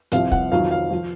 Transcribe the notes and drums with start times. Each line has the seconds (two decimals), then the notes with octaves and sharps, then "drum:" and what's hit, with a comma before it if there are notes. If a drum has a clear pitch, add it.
0.12 C2 C3 F3 F5, drum: hi-hat
0.32 F#5, drum: kick
0.52 F2 D#3 F#3 F5
0.71 F5
0.91 F3